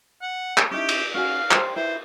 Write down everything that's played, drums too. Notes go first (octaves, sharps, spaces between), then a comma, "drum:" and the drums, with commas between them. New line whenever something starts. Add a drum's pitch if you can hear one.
F#5
drum: clap
C#4 D#4 E4 G4
drum: cymbal
C#4 F#4 G#4 F5
G4 C5, drum: clap
E4 B4 C5